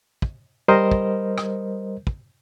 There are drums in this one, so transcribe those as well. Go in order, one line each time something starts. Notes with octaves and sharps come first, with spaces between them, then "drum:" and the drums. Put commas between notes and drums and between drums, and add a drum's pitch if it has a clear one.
drum: kick
G3 A#4 C5 D#5
drum: kick
drum: rim click
drum: kick